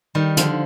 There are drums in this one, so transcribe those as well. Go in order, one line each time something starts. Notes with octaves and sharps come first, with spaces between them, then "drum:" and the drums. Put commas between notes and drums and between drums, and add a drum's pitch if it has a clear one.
D#3 G3
D3 F3, drum: hi-hat